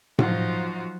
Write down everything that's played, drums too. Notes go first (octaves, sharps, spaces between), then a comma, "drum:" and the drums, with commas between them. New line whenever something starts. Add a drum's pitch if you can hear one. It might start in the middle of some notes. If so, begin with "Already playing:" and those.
F3 F#3 D#4 F4 F#4, drum: tom A2